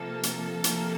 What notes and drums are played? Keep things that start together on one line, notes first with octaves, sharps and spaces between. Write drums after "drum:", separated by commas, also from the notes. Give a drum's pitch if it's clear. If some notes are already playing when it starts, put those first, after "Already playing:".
Already playing: C3 F3 A#3 A4
drum: hi-hat
C3 F3 A#3, drum: hi-hat